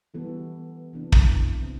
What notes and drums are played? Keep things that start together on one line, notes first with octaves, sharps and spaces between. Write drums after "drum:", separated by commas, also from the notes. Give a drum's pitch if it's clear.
E3 G3 B3 F#4 A4
C3 E3 B3 D4
drum: kick
C3